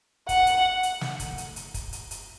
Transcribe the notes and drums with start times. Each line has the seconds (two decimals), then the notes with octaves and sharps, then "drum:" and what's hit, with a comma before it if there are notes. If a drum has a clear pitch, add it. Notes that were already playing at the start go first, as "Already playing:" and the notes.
0.29 F#5, drum: kick, hi-hat
0.47 drum: hi-hat
0.83 drum: hi-hat
1.01 drum: snare
1.20 drum: kick, hi-hat
1.38 drum: hi-hat
1.56 drum: hi-hat
1.74 drum: kick, hi-hat
1.92 drum: hi-hat
2.11 drum: hi-hat